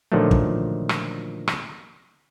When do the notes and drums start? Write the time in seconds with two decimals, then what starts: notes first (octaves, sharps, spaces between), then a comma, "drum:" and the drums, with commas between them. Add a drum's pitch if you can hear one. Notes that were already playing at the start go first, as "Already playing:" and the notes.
0.12 A#2 D3 D#3 F3 F#3 A3
0.31 drum: kick
0.89 drum: rim click
1.48 drum: rim click